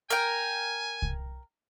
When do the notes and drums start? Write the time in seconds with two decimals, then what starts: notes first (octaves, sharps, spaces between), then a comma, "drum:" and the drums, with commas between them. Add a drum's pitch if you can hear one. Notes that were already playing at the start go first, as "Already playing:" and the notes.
0.10 A#4 G5 G#5, drum: hi-hat
1.02 drum: kick C2